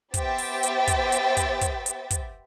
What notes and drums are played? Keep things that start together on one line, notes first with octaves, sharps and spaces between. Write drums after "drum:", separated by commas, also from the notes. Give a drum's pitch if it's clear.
B3 G4 C5 E5 G5 A6, drum: kick, hi-hat
drum: open hi-hat
drum: hi-hat
drum: kick, hi-hat
drum: hi-hat
drum: kick, hi-hat
drum: kick, hi-hat
drum: hi-hat
drum: kick, hi-hat